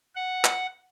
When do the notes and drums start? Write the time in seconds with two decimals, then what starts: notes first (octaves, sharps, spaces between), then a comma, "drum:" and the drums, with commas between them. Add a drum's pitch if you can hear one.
0.16 F#5
0.45 drum: clap